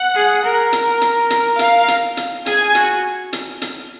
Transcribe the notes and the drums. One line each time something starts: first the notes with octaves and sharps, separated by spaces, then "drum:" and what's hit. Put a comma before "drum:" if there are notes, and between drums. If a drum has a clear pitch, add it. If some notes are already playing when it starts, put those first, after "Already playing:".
Already playing: F#5
G#4
A#4
drum: hi-hat
drum: hi-hat
drum: hi-hat
F5, drum: hi-hat
drum: hi-hat
drum: hi-hat
G#4 G#5, drum: hi-hat
F#4, drum: hi-hat
drum: hi-hat
drum: hi-hat